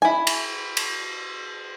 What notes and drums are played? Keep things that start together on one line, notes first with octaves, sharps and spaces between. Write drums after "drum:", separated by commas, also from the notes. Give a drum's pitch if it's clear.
E4 G#5
drum: cymbal
drum: cymbal